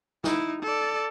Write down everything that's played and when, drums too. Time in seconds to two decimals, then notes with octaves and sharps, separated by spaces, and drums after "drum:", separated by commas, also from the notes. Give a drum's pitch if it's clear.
0.24 D#4 E4, drum: snare
0.62 A4 D5